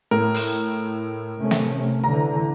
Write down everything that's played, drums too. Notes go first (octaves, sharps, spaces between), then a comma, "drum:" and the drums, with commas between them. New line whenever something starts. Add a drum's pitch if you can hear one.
A2 A#4
drum: open hi-hat
C3 A3 C#4
drum: snare
D3 E3 A#5